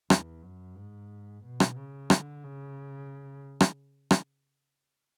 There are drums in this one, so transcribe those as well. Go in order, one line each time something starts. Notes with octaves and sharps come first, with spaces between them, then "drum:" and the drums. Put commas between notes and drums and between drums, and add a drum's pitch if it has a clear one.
E2, drum: rim click
F#2
G#2
B2
drum: rim click
C#3
D3, drum: rim click
C#3
drum: rim click
drum: rim click